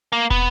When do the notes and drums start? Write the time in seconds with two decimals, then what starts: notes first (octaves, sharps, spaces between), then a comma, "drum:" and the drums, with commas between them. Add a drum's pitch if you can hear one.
0.12 A#3
0.30 B3, drum: kick